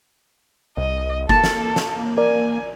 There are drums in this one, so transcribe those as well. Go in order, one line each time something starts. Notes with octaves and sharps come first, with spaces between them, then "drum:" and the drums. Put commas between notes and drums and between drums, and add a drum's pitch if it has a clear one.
C2 D#5
A#3 A4 A5, drum: kick F#1
drum: snare
drum: snare
A#4 D5 G#5